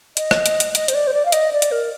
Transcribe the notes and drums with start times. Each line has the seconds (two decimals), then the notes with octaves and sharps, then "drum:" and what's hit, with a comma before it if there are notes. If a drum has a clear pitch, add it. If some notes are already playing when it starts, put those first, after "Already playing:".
0.17 D#5, drum: hi-hat
0.31 drum: rim click
0.46 drum: hi-hat
0.60 drum: hi-hat
0.75 D#5, drum: hi-hat
0.88 C5, drum: hi-hat
0.94 D5
1.07 C5
1.14 D5
1.25 F5
1.32 D#5, drum: hi-hat
1.53 D5
1.62 drum: hi-hat
1.72 A#4